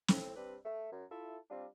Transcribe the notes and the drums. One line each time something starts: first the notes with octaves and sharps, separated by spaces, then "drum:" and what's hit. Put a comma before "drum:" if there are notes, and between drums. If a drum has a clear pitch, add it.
A2 C4, drum: snare
G3 C4 D4 B4
A3
F#2
E4 F4 A4 E5
G3 C4 D4 F4